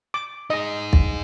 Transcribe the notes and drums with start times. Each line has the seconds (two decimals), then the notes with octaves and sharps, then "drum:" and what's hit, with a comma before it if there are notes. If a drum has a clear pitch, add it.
0.14 D6
0.50 D#4 G#4 D#5
0.93 drum: kick